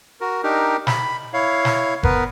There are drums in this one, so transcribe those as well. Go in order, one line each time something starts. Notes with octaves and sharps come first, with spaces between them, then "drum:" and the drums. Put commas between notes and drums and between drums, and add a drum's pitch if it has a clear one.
F#4 A#4
D4 D#4 G4 A#4
B5, drum: snare
E4 C#5 F5
drum: snare
B3 A#4 B4, drum: kick F#1